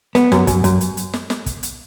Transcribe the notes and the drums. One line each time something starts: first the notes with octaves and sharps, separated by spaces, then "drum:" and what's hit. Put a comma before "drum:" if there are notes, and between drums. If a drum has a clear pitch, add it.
B3, drum: snare
F#2, drum: snare
F#2, drum: kick, hi-hat
F#2, drum: hi-hat
drum: hi-hat
drum: hi-hat
drum: snare
drum: snare
drum: kick, hi-hat
drum: hi-hat